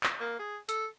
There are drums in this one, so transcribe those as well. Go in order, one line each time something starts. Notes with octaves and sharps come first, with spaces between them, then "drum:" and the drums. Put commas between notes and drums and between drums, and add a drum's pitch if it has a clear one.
drum: clap
A#3
G#4
A4, drum: hi-hat